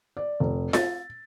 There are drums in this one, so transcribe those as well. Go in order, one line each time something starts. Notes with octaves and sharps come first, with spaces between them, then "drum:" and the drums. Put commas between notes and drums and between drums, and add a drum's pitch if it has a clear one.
D5
F1
A6, drum: snare F4